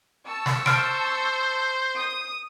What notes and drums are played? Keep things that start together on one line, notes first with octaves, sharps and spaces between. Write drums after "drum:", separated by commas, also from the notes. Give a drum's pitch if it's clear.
A5 C#6 E6
drum: snare
C5 F6 D7, drum: snare
D#6